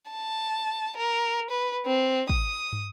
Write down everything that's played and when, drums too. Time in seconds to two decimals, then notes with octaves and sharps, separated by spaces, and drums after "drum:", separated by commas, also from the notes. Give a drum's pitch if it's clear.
0.11 A5
0.97 A#4
1.50 B4
1.86 C4
2.29 D#6, drum: kick
2.73 drum: tom